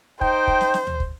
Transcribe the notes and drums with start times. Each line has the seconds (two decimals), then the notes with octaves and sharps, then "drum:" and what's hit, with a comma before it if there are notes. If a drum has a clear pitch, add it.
0.21 D#4 C5 G5, drum: kick
0.48 drum: kick
0.61 drum: snare
0.74 drum: snare
0.87 drum: tom D2
1.00 drum: kick